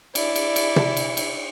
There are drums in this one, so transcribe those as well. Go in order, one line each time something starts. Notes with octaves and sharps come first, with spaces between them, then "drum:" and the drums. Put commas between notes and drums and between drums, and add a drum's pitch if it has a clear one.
E4 D5, drum: cymbal
drum: cymbal
drum: cymbal
drum: tom
drum: cymbal
drum: cymbal